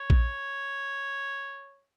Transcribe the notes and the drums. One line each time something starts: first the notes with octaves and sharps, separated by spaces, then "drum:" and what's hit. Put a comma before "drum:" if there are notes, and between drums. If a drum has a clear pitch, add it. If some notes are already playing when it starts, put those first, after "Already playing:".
Already playing: C#5
drum: kick A#1